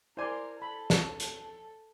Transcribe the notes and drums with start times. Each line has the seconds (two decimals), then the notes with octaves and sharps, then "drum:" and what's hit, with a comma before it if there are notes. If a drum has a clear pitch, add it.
0.17 E4 A#4 C5 D5 G#5 C6
0.60 A4 A5 B5
0.90 drum: snare
1.20 drum: hi-hat